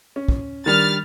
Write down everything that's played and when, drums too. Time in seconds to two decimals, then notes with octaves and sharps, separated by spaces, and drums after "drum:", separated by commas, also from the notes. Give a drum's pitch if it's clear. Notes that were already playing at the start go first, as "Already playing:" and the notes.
0.16 C#4
0.28 drum: kick
0.66 D#3 G3 D4 F6 A6